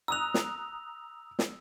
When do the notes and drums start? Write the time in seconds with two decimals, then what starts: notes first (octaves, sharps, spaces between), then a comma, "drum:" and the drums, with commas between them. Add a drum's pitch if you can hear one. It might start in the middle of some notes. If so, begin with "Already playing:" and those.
0.08 A#5 D#6 E6 F#6 F7
0.34 drum: snare
1.39 drum: snare